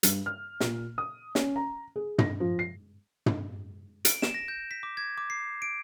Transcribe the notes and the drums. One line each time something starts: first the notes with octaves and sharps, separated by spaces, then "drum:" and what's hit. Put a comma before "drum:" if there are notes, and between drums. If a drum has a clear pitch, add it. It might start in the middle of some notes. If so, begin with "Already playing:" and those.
G2, drum: hi-hat
F6
A#2, drum: snare
D#6
C#4, drum: snare
A#5
G#4
A#6, drum: tom
F3
C7
drum: tom
D7, drum: hi-hat
E7, drum: snare
A#6
G6
B6
D6
G#6
D6
C7
D7